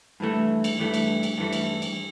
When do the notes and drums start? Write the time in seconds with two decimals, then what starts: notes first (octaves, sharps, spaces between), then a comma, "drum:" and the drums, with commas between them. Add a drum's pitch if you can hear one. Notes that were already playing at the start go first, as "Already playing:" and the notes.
0.20 G2 E3 A3
0.64 drum: cymbal
0.79 G2 E3 A3
0.94 drum: cymbal
1.23 drum: cymbal
1.38 G2 E3 A3
1.53 drum: cymbal
1.82 drum: cymbal